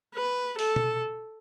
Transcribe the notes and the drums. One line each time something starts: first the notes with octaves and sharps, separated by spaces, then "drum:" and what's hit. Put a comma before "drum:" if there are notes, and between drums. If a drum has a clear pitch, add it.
B4
A4, drum: open hi-hat
drum: tom